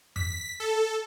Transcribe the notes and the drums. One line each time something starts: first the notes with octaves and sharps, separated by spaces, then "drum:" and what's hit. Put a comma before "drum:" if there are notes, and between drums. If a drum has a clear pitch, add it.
B6, drum: tom F2
A4